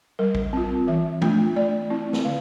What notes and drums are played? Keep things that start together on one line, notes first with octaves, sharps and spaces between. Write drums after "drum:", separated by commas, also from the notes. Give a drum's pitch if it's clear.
G3 A#4
drum: kick A#1
C4 F4
E3 E5
A3 D4 F4, drum: tom E3
A3 D5
C4 E4
drum: snare
D3 F5